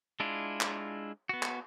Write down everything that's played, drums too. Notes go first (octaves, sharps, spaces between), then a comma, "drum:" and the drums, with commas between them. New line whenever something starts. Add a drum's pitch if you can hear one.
G#3 D4 E4 F4
drum: clap
B3 F#4
drum: clap